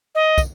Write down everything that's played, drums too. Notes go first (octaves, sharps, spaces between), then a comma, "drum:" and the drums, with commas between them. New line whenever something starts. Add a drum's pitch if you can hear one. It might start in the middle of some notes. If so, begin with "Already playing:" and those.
D#5
drum: kick, tambourine